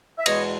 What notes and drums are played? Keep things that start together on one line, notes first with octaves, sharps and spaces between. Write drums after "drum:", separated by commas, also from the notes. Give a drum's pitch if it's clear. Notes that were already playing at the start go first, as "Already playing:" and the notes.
E5
E2 B2 G#3 C#5 D#5, drum: cymbal